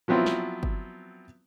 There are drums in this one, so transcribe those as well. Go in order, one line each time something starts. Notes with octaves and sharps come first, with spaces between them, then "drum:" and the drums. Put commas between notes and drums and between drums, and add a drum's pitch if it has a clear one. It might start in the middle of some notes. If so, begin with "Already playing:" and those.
F3 F#3 B3 C4 E4 F4
drum: snare
drum: kick G1